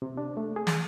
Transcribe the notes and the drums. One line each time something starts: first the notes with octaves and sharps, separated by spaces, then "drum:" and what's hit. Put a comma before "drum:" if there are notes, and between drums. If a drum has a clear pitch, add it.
C3
D4
A3
G#4
drum: snare